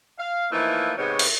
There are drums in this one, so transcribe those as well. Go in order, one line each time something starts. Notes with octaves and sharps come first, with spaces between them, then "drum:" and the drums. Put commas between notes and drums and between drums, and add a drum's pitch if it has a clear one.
F5
E3 F3 A3 A#3 D#4 E4
G#2 C3 B3 C#5
drum: cymbal